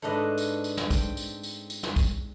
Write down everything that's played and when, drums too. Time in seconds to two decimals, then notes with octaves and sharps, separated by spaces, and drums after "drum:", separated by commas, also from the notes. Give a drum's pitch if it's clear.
0.02 G#2 A3 D4 B4 D#5
0.38 drum: tambourine
0.64 drum: tambourine
0.77 drum: snare
0.91 C4, drum: kick, tambourine
1.17 drum: tambourine
1.43 drum: tambourine
1.70 drum: tambourine
1.83 drum: snare
1.96 drum: kick, tambourine